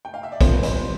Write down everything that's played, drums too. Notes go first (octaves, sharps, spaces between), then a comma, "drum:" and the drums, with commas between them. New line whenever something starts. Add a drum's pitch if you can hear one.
G5
F5
E5
D5
E3 G3 C4 F4 A4 C5, drum: kick, hi-hat
B4
C5, drum: hi-hat